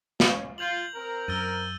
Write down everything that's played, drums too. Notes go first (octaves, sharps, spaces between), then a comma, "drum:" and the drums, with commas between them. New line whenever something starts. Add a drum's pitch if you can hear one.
C#4, drum: snare
F4 G6 F7 F#7
C4 A#4
F#2 E6 A6 D#7